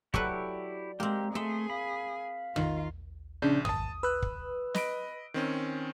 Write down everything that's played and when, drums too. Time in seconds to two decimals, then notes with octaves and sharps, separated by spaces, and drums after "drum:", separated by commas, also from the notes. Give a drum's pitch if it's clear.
0.14 F#3 E4 G4 A4 B4 D5 C#6, drum: kick
1.00 G#3 A#3 C4 G4
1.35 A3 G#4 E5 C6
1.70 F5 B5
2.56 D#3 F4, drum: tom
3.42 A#1 C#3 D4 G6
3.65 G#1 A5 D#6, drum: tom
4.03 B4 E6 F#6
4.22 drum: kick
4.74 D#5 B5 D7, drum: snare
5.34 D#3 C4 C#4